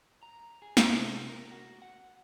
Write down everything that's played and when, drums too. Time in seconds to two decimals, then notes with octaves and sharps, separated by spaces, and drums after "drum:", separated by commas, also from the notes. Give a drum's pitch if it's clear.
0.23 A#5
0.62 G#4
0.77 G4, drum: snare
0.93 C3
1.29 A#4
1.51 F#4
1.82 F#5